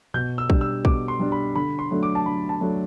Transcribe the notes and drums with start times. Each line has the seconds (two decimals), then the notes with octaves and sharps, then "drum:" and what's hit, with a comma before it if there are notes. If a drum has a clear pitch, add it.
0.14 B2 G6
0.38 E6
0.50 G3 D4, drum: kick
0.61 E6
0.85 B2 D6, drum: kick
1.08 C6
1.19 G3 D4
1.32 B5
1.55 D3 B5
1.79 C6
1.91 F#3 A3 D4
2.03 D6
2.15 A5
2.26 D3 B5
2.49 A5
2.61 F#3 A3 D4